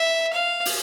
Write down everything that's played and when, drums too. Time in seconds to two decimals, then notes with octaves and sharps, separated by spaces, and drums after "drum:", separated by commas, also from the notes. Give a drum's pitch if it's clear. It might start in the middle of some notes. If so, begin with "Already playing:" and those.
Already playing: E5
0.33 F5
0.65 drum: open hi-hat